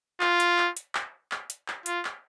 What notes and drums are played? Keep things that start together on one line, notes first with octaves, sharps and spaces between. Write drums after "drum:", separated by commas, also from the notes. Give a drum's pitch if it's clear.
F4, drum: clap
drum: hi-hat
drum: clap
drum: hi-hat
drum: clap
drum: clap
drum: hi-hat
drum: clap
F4, drum: hi-hat
drum: clap